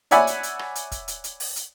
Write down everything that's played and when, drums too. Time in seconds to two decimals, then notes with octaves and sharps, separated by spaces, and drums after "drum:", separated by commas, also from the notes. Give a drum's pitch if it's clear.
0.11 C#5 D5 E5 F#5 G#5 B5, drum: hi-hat
0.27 drum: hi-hat
0.43 drum: hi-hat
0.59 drum: rim click
0.75 drum: hi-hat
0.92 drum: kick, hi-hat
1.08 drum: hi-hat
1.24 drum: hi-hat
1.40 drum: open hi-hat
1.56 drum: hi-hat